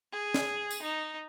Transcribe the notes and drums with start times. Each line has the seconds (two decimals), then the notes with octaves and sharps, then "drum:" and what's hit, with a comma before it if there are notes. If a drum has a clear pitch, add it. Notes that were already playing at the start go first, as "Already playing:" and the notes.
0.12 G#4
0.34 drum: snare
0.71 drum: tambourine
0.82 D#4